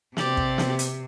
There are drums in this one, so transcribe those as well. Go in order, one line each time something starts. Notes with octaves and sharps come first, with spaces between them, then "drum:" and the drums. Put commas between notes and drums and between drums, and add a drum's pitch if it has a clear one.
C3 C4 G4 D5, drum: snare
drum: kick
drum: snare
drum: hi-hat